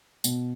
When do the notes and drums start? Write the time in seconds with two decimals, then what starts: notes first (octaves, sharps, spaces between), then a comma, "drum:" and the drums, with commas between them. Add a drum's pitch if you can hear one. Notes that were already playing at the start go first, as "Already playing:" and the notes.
0.24 B2, drum: tambourine